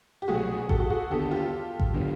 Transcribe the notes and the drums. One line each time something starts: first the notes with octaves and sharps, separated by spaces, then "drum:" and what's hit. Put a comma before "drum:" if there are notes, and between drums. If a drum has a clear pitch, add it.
G4
C2 B2 F#3 A3 F#4 G#4
G4 A4, drum: kick A1
F#4 G#4
F#4 G#4
D#2 D3 F#3 B3 G4 A4
F4 G4
drum: kick A1
D3 F#3 B3